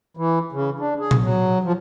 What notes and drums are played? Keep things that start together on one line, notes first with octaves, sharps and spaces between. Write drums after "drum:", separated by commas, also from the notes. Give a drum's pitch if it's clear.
E3
C#3
D4
G#4
drum: tom A#2
F#3
F3